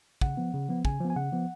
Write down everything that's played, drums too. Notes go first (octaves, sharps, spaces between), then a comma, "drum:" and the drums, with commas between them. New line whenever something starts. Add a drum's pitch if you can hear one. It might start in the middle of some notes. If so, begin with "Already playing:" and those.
C#3 F#5, drum: kick
F3 B3
C#3
F3 B3
C#3 G#5, drum: kick
F3 B3
G#5
C#3 F#5
F3 B3